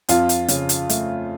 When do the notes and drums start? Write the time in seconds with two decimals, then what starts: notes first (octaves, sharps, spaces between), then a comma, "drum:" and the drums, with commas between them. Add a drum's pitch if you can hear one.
0.09 F2 F4, drum: hi-hat
0.29 drum: hi-hat
0.48 C#3, drum: hi-hat
0.69 drum: hi-hat
0.89 A3, drum: hi-hat